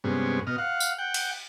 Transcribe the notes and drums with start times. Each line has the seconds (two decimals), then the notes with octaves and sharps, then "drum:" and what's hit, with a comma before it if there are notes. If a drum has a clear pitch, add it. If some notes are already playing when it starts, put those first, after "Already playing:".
0.04 G2 C3 G#3 B3 C#4
0.47 B2 D#5 F6
0.58 F5 F#5
0.80 drum: tambourine
0.98 F#5 G5
1.14 drum: cymbal